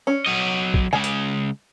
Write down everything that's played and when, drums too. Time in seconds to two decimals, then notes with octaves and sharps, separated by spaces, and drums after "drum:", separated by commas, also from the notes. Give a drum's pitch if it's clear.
0.07 C#4
0.26 F#3 D#5
0.74 drum: kick B1
0.93 C#3 G#3 G#5
1.04 drum: hi-hat